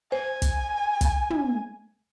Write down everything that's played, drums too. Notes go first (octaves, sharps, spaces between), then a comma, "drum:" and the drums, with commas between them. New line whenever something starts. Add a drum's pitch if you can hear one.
C5 G#5
drum: kick, hi-hat
drum: kick, hi-hat
drum: tom